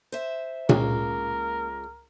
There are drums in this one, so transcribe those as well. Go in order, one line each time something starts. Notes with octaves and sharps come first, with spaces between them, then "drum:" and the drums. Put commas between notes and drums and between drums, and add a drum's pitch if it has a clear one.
C5 E5
C#2 A#3 A#4, drum: tom A#2